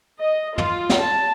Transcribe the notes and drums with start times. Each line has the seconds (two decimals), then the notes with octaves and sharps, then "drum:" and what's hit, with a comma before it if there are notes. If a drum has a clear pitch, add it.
0.21 D#5
0.58 F4, drum: tom
0.89 drum: snare
1.02 A5